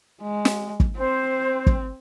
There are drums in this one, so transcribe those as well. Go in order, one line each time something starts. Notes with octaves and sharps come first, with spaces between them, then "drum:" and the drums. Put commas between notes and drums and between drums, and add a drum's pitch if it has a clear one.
G#3
drum: snare
drum: kick
C4 C5
drum: kick